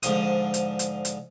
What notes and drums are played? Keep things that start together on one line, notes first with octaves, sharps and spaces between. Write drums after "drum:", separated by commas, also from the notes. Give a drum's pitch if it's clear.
G#2 D3 F3 D#6, drum: hi-hat
drum: hi-hat
drum: hi-hat
drum: hi-hat